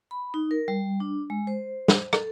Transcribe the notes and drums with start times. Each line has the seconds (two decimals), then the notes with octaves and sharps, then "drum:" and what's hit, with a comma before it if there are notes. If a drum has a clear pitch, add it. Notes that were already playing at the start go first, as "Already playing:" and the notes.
0.11 B5
0.34 D#4
0.51 A#4
0.68 G3
1.00 D4
1.30 G#3
1.47 C5
1.88 drum: snare
2.13 A4, drum: rim click